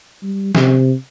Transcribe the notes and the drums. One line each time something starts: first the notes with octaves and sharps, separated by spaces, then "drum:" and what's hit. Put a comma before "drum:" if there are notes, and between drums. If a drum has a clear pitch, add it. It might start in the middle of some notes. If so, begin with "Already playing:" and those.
G3
C3, drum: snare